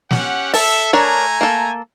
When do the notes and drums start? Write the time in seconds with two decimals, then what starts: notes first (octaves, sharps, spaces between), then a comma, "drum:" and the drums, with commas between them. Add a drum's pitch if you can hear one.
0.11 C#4 G4 F#5, drum: snare
0.54 A4 E5 A5, drum: open hi-hat
0.93 A3 D4 A#4 C#5 G#5 A#5
1.41 A#3 A4